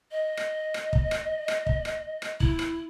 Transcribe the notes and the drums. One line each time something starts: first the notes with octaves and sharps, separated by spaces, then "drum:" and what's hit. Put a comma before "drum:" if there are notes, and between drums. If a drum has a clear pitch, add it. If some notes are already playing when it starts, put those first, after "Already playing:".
D#5
drum: rim click
drum: rim click
drum: kick
drum: rim click
drum: rim click
drum: kick
drum: rim click
drum: rim click
E4, drum: kick
drum: rim click